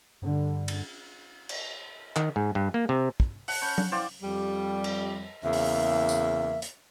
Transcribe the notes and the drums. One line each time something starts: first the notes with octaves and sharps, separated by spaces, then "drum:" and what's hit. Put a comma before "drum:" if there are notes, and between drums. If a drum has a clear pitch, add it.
G2 D3 G3
drum: cymbal
drum: cymbal
D#3, drum: clap
G#2
G2
A#3
C3
drum: kick
F#5 A5, drum: open hi-hat
C#4 A5 B5 G6
drum: tom F#3
E4 C5 D5 F5 G5 D6
F2 G3
drum: cymbal
E2 C#3 A#3 E5
drum: open hi-hat
drum: tambourine
drum: hi-hat